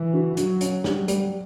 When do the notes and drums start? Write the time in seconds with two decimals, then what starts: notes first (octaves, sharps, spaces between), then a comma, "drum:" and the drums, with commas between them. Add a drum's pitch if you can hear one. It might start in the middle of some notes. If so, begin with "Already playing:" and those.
Already playing: E3
0.14 F#4
0.37 F#3 F#4, drum: hi-hat
0.61 C#4, drum: hi-hat
0.84 F#3 G3, drum: snare
1.08 G3, drum: hi-hat